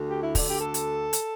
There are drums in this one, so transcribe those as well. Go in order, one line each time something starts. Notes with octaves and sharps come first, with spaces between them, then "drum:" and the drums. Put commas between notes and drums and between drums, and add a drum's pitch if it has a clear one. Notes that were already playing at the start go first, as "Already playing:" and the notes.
Already playing: D2 D3
G4
E4
D2 D3 D4, drum: kick, open hi-hat
G4
A4
drum: hi-hat
drum: hi-hat